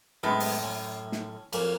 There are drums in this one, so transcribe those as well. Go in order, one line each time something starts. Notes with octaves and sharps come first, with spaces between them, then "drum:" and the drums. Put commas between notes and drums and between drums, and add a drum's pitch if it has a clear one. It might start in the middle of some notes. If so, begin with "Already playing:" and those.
F#2 A2 G#3 B3
drum: open hi-hat
C#4
drum: snare
F2 A#3 C#4, drum: cymbal